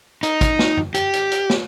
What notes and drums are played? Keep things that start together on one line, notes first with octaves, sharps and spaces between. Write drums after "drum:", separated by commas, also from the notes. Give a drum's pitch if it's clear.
D#4, drum: hi-hat
drum: kick, hi-hat
drum: snare
drum: tom F#2
G4, drum: hi-hat
drum: hi-hat
drum: hi-hat
drum: snare